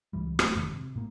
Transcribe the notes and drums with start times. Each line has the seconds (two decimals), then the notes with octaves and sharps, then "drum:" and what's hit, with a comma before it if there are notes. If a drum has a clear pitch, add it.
0.13 C#2 G#2 E3 G3
0.39 A3, drum: rim click
0.55 F1 G#2 D3 D#3
0.70 C3
0.96 A2 A#3